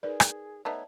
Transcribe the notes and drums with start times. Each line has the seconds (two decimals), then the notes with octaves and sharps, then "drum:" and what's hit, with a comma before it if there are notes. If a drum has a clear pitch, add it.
0.03 D#4 G#4 A#4 B4 D5
0.20 drum: rim click
0.65 A3 B3 D#4 C#5 D5 E5 A5